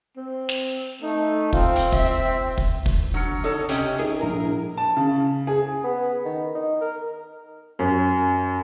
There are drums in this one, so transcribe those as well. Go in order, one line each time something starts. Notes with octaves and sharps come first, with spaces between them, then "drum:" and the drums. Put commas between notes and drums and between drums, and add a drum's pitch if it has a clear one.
C4
drum: snare
A3 D#4
C4 F4, drum: kick
drum: hi-hat
E5, drum: kick
drum: kick
drum: kick
D3 F#3 F6 C#7
D#4 A4 C#5
C3 C#4 G4 D#5, drum: hi-hat
D#4 G#4 A#4
A#1 E4 A#4
A5
C#3
G#4
B3
D#3
D#4
A#4
F#2